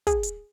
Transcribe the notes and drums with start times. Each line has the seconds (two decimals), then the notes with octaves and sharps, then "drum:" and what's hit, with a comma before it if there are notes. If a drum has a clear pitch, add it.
0.07 G#4, drum: kick, hi-hat
0.23 drum: hi-hat